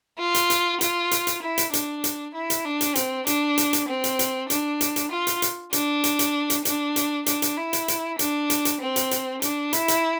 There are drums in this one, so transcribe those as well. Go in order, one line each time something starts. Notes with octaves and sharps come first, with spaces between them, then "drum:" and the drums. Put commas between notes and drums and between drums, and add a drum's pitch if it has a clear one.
F4
drum: hi-hat
drum: hi-hat
F4, drum: hi-hat
drum: hi-hat
drum: hi-hat
E4
drum: hi-hat
D4, drum: hi-hat
drum: hi-hat
E4
drum: hi-hat
D4
drum: hi-hat
C4, drum: hi-hat
D4, drum: hi-hat
drum: hi-hat
drum: hi-hat
C4
drum: hi-hat
drum: hi-hat
D4, drum: hi-hat
drum: hi-hat
drum: hi-hat
F4
drum: hi-hat
drum: hi-hat
D4, drum: hi-hat
drum: hi-hat
drum: hi-hat
drum: hi-hat
D4, drum: hi-hat
drum: hi-hat
D4, drum: hi-hat
drum: hi-hat
E4
drum: hi-hat
drum: hi-hat
D4, drum: hi-hat
drum: hi-hat
drum: hi-hat
C4
drum: hi-hat
drum: hi-hat
D4, drum: hi-hat
E4, drum: hi-hat
drum: hi-hat